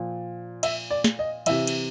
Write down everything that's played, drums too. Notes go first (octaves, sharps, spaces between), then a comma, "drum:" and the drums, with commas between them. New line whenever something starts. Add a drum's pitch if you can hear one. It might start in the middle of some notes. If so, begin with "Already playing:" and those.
Already playing: A#2 F3
E5, drum: cymbal
D5
drum: snare
D#5
C3 E3 E5, drum: cymbal
drum: cymbal